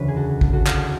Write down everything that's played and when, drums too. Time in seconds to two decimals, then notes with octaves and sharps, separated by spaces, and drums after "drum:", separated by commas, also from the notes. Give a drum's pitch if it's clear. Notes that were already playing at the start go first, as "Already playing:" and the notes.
Already playing: E1 D2 C#3 E3 G#3 B4 C#5
0.08 G#4
0.16 F#4 A4
0.41 drum: kick G#1
0.53 F#4 A4
0.66 drum: clap